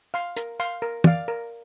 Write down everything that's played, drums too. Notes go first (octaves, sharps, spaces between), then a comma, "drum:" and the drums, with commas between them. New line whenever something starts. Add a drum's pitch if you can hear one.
F5 C6
A#4, drum: hi-hat
F5 C6
A#4
D5 F5, drum: tom
A#4